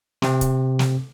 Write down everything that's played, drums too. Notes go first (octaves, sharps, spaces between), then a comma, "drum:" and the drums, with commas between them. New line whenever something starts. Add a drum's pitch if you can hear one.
C3 C4, drum: snare
drum: kick, hi-hat
drum: snare